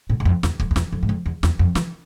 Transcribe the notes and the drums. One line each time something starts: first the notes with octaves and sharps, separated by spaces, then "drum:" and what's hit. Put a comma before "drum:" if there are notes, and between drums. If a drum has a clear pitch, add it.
A2
G#2
F2
E2, drum: snare
F2, drum: kick C#1
F2
E2, drum: snare
F2
G#2
F2
E2
E2, drum: snare
F2
E3, drum: snare